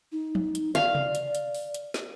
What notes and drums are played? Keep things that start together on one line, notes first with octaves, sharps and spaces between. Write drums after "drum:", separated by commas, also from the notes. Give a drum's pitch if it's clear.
D#4
drum: tom
drum: hi-hat
D5 F5, drum: hi-hat
drum: tom C3
drum: hi-hat
drum: hi-hat
drum: open hi-hat
drum: hi-hat
drum: snare